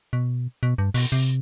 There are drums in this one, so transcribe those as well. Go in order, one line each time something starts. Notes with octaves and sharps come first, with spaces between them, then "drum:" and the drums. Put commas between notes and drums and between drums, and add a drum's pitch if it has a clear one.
B2
B2
G2
B2, drum: open hi-hat
C3